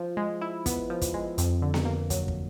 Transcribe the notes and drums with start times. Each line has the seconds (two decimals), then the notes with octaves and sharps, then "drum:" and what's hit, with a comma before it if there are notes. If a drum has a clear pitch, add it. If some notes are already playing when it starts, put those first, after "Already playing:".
Already playing: F3
0.17 G#3
0.41 E4
0.66 B3, drum: kick, hi-hat
0.90 F3
1.02 drum: kick, hi-hat
1.14 G#3
1.38 F2, drum: hi-hat
1.62 D3
1.74 drum: snare B3
1.85 A#3
2.10 F#3, drum: kick, hi-hat
2.28 drum: kick